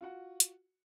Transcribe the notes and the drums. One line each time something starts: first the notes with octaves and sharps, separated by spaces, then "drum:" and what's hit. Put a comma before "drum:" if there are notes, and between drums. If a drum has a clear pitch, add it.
F4 F#4 F#5
drum: hi-hat